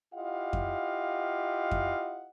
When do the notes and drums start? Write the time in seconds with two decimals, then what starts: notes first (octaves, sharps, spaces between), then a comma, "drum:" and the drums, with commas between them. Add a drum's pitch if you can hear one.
0.14 E4 F4 G4 D#5 F5 F#5
0.53 drum: kick F2
1.72 drum: kick F2